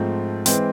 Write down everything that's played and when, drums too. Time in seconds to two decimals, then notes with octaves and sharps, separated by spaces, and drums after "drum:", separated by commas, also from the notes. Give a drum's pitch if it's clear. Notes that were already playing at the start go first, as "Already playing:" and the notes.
Already playing: G#2 F3 A3 C4
0.46 E3 G#3 C4, drum: hi-hat